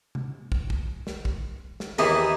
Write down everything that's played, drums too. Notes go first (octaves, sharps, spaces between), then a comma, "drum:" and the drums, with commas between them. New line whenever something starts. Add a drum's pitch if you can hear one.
drum: tom C3
drum: kick
drum: kick
drum: snare
drum: kick
drum: snare
D#2 E3 D#4 E4 G#4